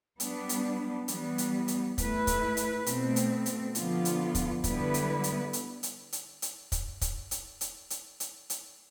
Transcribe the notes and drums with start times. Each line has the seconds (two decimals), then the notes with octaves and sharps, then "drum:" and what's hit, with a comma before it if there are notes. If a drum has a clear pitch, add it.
0.20 G3 B3 D4, drum: hi-hat
0.49 drum: hi-hat
1.08 E3 G3 B3, drum: hi-hat
1.38 drum: hi-hat
1.68 drum: hi-hat
1.98 A3 E4 B4, drum: kick, hi-hat
2.27 drum: kick, hi-hat
2.57 drum: hi-hat
2.86 B2 A3 C4, drum: hi-hat
3.16 drum: hi-hat
3.46 drum: hi-hat
3.75 D3 F3 B3 F4, drum: hi-hat
4.05 drum: hi-hat
4.35 drum: kick, hi-hat
4.64 D3 G3 B3 E4 B4, drum: kick, hi-hat
4.94 drum: hi-hat
5.24 drum: hi-hat
5.53 drum: hi-hat
5.83 drum: hi-hat
6.13 drum: hi-hat
6.42 drum: hi-hat
6.72 drum: kick, hi-hat
7.01 drum: kick, hi-hat
7.31 drum: hi-hat
7.61 drum: hi-hat
7.90 drum: hi-hat
8.20 drum: hi-hat
8.50 drum: hi-hat